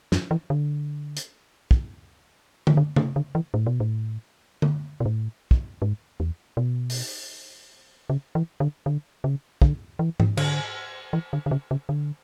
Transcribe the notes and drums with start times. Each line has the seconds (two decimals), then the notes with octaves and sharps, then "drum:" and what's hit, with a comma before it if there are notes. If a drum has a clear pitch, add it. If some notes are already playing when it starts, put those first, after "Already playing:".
0.12 F#2, drum: snare
0.31 E3
0.50 D3
1.17 drum: hi-hat
1.71 drum: kick
2.67 E3, drum: tom D3
2.77 D3
2.96 D3, drum: tom C#3
3.16 D3
3.35 E3
3.54 A2
3.67 B2
3.80 A2
4.62 drum: tom D3
5.00 B2
5.06 A2
5.51 drum: kick
5.82 G#2
6.20 E2
6.57 B2
6.90 drum: open hi-hat
8.10 C#3
8.35 E3
8.60 D3
8.86 D3
9.24 C#3
9.62 D3, drum: kick
9.99 E3
10.20 E3, drum: tom G#2
10.37 D3, drum: cymbal
11.13 E3
11.33 D3
11.46 D3
11.51 C#3
11.71 C#3
11.89 D3